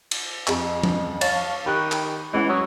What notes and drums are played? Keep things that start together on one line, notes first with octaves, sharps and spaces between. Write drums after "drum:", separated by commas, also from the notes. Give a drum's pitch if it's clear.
drum: cymbal
F2 G#4, drum: clap
drum: tom F3
C#5 F5 A5 A6, drum: cymbal
D#3 G4 B5 C#6 F#6
drum: clap
E3 G#3 C#4 F#5
F#3 C#6 D#6 E6